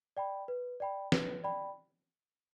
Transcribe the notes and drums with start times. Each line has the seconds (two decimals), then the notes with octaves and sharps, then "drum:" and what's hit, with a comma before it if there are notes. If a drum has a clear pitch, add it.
0.17 D5 G5 B5
0.48 B4
0.80 D5 G5 B5
1.12 B4, drum: snare
1.44 D5 G5 B5